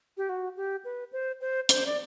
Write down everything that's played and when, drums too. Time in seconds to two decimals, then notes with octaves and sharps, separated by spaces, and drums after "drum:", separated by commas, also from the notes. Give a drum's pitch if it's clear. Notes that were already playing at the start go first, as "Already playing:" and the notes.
0.17 G4
0.29 F#4
0.57 G4
0.85 B4
1.13 C5
1.41 C5
1.69 C5, drum: hi-hat
1.86 D5